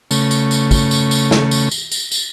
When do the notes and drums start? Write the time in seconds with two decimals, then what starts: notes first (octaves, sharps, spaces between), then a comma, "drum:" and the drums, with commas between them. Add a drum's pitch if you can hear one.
0.11 C#3 A3, drum: tambourine
0.31 drum: tambourine
0.51 drum: tambourine
0.71 drum: kick, tambourine
0.91 drum: tambourine
1.11 drum: tambourine
1.31 drum: snare
1.51 drum: tambourine
1.71 drum: tambourine
1.91 drum: tambourine
2.12 drum: tambourine